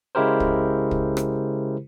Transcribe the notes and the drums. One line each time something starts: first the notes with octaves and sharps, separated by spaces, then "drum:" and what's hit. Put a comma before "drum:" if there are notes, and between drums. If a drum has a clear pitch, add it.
C#3 G#3 E4 G4 A#4 C5
drum: kick
drum: kick
drum: rim click